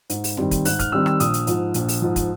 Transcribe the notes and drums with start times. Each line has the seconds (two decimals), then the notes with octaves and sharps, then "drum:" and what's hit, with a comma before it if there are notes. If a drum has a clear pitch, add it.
0.10 G#2, drum: hi-hat
0.24 drum: open hi-hat
0.37 D#3 G3 C4, drum: tom F2
0.51 drum: kick, hi-hat
0.65 G#2 F#6, drum: open hi-hat
0.79 F6, drum: kick, hi-hat
0.92 D#3 G3 C4 E6
1.06 E6, drum: rim click
1.20 A#1 D#6, drum: hi-hat
1.34 drum: hi-hat
1.47 G#2 F3, drum: hi-hat
1.74 A#1, drum: hi-hat
1.88 drum: open hi-hat
2.02 G#2 F3
2.16 drum: kick, hi-hat